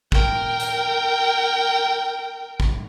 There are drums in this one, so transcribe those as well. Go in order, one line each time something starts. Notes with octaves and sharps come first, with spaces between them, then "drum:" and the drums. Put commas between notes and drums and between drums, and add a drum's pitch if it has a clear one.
A#4 G5, drum: kick
drum: hi-hat
drum: kick